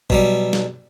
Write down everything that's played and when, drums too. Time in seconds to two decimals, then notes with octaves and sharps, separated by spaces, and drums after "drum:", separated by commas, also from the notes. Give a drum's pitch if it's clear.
0.10 B2 F#3 G3, drum: kick A#1
0.53 drum: snare